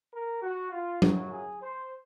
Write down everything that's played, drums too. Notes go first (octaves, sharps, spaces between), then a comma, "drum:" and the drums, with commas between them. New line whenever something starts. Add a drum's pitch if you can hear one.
A#4
F#4
F4
F#2 C#3 F#3 F#4, drum: tom F#3
G#4
C5